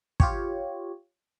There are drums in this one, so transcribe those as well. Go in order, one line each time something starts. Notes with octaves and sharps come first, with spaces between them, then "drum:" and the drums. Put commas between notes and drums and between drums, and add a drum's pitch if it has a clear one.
F4 G4 C#5, drum: kick